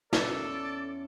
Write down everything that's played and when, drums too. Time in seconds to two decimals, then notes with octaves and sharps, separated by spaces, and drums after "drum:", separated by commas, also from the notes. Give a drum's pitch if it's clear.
0.13 E2 C#4 A4 D5, drum: snare